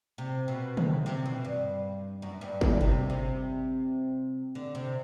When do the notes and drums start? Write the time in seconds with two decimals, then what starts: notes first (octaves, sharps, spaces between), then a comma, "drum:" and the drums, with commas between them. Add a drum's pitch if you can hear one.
0.18 C3
0.48 B2
0.77 C3, drum: tom C#3
1.06 C3
1.26 B2
1.45 G2
2.22 F#2
2.41 G2
2.61 G2, drum: kick G1
2.81 C3
3.10 C3
4.55 D3
4.75 C3